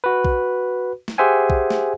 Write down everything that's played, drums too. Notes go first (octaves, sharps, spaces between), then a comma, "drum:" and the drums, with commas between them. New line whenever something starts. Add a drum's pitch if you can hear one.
F#4 B4
drum: kick A#1
drum: snare
G4 G#4 C5 E5 F#5 G#5
drum: kick A#1
drum: snare